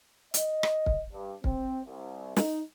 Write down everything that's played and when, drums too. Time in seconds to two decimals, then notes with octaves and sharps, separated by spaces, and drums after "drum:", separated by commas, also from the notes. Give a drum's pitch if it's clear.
0.34 D#5, drum: hi-hat
0.63 drum: rim click
0.86 drum: kick
1.12 G2
1.44 C4, drum: kick
1.86 C2
2.37 D#4, drum: snare